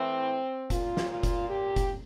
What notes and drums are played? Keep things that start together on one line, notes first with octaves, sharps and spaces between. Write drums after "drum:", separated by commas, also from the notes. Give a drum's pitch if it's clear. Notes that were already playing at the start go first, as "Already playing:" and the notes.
Already playing: A2 E3 C4
A#2 F4, drum: kick F1, hi-hat
drum: snare
F4
drum: kick F1, hi-hat
G4
drum: kick F1, hi-hat